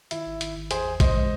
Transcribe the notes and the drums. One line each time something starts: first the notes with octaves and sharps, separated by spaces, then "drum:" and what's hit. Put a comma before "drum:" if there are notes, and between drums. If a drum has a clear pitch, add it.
D#3 E4, drum: hi-hat
G#1
D#3, drum: hi-hat
G#1
E2 G#4 C5, drum: hi-hat
E2
E2 C5 D#5, drum: kick A1, hi-hat
G#3